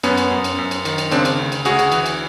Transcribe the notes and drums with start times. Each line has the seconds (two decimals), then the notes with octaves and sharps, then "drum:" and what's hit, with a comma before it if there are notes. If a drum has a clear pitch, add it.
0.03 F#2 B3 C#4, drum: cymbal
0.17 drum: cymbal
0.31 F#2
0.44 drum: cymbal
0.58 F#2
0.71 drum: cymbal
0.85 D#3, drum: cymbal
0.98 drum: cymbal
1.11 C#3 C4 D4, drum: cymbal
1.25 drum: cymbal
1.39 D2
1.52 drum: cymbal
1.65 D2 F#4 G#4, drum: cymbal
1.79 drum: cymbal
1.92 E3, drum: cymbal
2.06 drum: cymbal